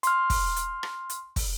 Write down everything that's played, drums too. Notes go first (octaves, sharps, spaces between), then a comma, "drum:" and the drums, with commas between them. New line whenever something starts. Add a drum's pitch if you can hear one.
C6 F6, drum: hi-hat
drum: kick, open hi-hat
drum: hi-hat
drum: rim click
drum: hi-hat
drum: kick, open hi-hat